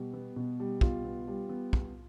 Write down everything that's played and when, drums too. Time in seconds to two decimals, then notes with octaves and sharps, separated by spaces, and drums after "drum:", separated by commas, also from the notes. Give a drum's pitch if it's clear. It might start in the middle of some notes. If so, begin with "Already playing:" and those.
Already playing: B2 G3
0.14 B3
0.36 B2
0.60 G3
0.81 B2 F4, drum: kick
1.04 B3
1.28 G3
1.49 B3
1.73 B3, drum: kick